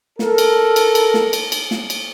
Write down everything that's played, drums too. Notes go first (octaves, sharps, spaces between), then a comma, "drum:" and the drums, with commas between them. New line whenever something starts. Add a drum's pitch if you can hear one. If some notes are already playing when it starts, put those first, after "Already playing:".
A4 A#4, drum: snare
drum: cymbal
drum: cymbal
drum: cymbal
drum: snare
drum: cymbal
drum: cymbal
drum: snare
drum: cymbal